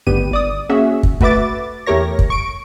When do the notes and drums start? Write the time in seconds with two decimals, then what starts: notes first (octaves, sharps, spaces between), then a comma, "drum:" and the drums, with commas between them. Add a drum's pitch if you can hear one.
0.07 G#1 D2 G2 B3 G4 D#7
0.31 G1 D5 D#6
0.69 A#3 C#4 F#4 G#4 E5
1.03 drum: kick
1.21 A3 F#4 B4 E5 D6 A6, drum: kick
1.86 E2 A3 G4 A#4 C#5 A#6
2.19 drum: kick
2.30 C#6 D7